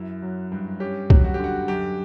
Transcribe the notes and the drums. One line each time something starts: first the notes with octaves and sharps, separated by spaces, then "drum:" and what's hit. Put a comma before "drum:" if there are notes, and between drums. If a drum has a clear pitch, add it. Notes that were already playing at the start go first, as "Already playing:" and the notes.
Already playing: F#2 E4
F#3
G2
C#4 G4
F#3, drum: kick
F#4
D3 G4
F#4
F#2 G4